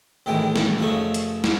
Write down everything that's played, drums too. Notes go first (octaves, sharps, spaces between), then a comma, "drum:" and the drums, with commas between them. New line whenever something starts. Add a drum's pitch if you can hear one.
B1 A2 D#3 E3 G#3 G5
drum: snare
F#2 C#3 F3 A3 D#4 C#6
drum: hi-hat
drum: snare